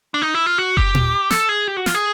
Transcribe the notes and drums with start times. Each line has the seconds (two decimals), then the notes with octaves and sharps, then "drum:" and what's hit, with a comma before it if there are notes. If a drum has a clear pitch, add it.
0.14 D4
0.22 D#4
0.34 E4
0.46 F4
0.58 F#4
0.77 G4, drum: kick F#1
0.95 drum: tom A#2
1.31 A4, drum: snare
1.49 G#4
1.68 G4
1.77 F#4
1.86 F4, drum: snare
1.95 G#4